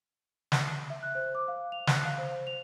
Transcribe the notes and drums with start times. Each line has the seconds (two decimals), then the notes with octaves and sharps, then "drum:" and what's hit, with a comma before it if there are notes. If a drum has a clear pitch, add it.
0.52 drum: snare
0.90 E5
1.03 F#6
1.15 C5
1.35 D6
1.48 F5
1.72 F7
1.87 F#6, drum: snare
2.05 F5
2.18 C5
2.47 F7